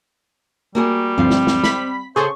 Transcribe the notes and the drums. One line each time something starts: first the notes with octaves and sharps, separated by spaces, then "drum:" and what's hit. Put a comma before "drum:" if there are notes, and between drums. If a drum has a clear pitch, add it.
G3 A#3 F#4 G#4
D2 G2 F3 C4 F5
drum: snare
drum: snare
B5 B6, drum: snare
C#3 G#4 A4 C5 C#6